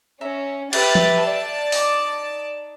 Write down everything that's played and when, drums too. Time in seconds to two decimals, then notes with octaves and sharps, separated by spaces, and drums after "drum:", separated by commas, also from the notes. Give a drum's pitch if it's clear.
0.21 C#4 E5 A#5
0.73 G4 A4 B4 E5 A6, drum: cymbal
0.95 drum: tom
1.23 D5 A5
1.72 D#4 D6, drum: open hi-hat